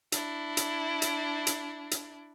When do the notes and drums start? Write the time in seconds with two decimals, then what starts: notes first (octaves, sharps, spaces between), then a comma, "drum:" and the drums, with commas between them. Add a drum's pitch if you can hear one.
0.12 D4 E4, drum: hi-hat
0.57 drum: hi-hat
1.02 drum: hi-hat
1.47 drum: hi-hat
1.91 drum: hi-hat